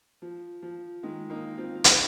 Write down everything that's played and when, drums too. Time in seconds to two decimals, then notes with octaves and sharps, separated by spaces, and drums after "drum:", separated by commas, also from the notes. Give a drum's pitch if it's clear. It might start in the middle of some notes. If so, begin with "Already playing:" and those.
0.22 F3
0.62 F3
1.03 D#3 G#3
1.30 A#3 D#4
1.58 C4 F4
1.75 F4
1.84 D#4 G#4, drum: hi-hat